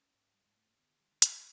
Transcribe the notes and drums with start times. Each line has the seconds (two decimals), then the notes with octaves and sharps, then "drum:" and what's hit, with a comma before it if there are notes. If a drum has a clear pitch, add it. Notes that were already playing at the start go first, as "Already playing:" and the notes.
Already playing: C#4
0.14 G#2
0.34 G3
0.45 G#2 G#3
0.56 A3
0.67 A#3
0.79 D3 B3
1.00 G3
1.12 D3
1.22 G3, drum: hi-hat